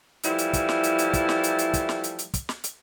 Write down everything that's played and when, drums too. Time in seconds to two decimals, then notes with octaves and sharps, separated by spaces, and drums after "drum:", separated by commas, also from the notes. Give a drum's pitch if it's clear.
0.24 E3 F3 G3 A3 E4, drum: hi-hat
0.39 drum: hi-hat
0.54 drum: kick, hi-hat
0.69 drum: snare
0.84 drum: hi-hat
0.99 drum: hi-hat
1.14 drum: kick, hi-hat
1.29 drum: snare
1.44 drum: hi-hat
1.59 drum: hi-hat
1.74 drum: kick, hi-hat
1.89 drum: snare
2.04 drum: hi-hat
2.19 drum: hi-hat
2.34 drum: kick, hi-hat
2.49 drum: snare
2.64 drum: hi-hat